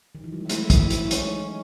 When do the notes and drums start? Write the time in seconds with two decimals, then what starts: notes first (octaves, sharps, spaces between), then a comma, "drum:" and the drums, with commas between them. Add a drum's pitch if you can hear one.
0.15 D#3
0.24 E3
0.33 F#3
0.41 G#3
0.49 A3 E4, drum: hi-hat
0.70 E3, drum: kick, hi-hat
0.90 F#3, drum: hi-hat
1.11 G#3 C#4, drum: hi-hat
1.27 D#4